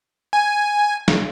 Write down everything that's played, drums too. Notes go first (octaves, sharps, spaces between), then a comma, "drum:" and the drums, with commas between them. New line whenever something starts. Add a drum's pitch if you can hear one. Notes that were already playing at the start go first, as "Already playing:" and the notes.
G#5
drum: snare